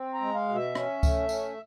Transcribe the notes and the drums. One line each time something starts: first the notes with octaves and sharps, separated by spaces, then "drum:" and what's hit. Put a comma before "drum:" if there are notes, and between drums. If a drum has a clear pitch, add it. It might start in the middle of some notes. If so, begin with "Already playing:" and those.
Already playing: C4
A#5
G#3
F5
B2
E5
C#4, drum: rim click
A3, drum: kick C#2, tambourine
C#4, drum: tambourine